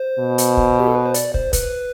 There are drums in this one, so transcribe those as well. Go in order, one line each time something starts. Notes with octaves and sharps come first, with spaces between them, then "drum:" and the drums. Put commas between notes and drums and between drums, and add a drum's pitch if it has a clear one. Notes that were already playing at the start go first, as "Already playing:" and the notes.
Already playing: C5
B2
drum: hi-hat
drum: kick
G4
A4
B4
C5
D5, drum: hi-hat
C5, drum: kick
B4, drum: kick, hi-hat